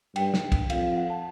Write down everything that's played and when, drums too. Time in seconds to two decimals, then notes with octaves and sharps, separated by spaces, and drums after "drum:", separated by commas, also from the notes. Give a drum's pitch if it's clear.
0.16 G2 G5, drum: cymbal
0.34 drum: snare
0.52 drum: kick, cymbal
0.70 F2 F5, drum: cymbal
0.92 F5
0.97 F#5
1.10 A5